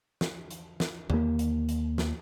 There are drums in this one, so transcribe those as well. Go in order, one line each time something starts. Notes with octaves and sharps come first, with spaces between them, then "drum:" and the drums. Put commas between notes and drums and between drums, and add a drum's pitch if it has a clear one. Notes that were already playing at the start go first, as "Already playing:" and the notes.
drum: snare
drum: hi-hat
drum: snare
D#2 A#3, drum: tom
drum: hi-hat
drum: hi-hat
drum: snare